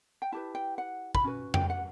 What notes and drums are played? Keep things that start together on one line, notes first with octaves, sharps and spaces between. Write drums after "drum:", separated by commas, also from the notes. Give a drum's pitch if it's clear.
G5
E4 G4 B4 A5
G5
F#5
B5, drum: kick
C#4 F#4 B4
G5, drum: tom F2
F#5